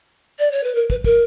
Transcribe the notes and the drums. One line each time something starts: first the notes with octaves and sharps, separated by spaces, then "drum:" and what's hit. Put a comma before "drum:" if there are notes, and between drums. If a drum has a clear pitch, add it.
D5
C#5
B4
A#4
B4, drum: kick
A#4, drum: kick